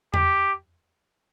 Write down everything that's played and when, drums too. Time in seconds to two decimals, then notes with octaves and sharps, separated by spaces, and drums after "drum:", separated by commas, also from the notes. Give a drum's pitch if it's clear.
0.14 G4, drum: tom E2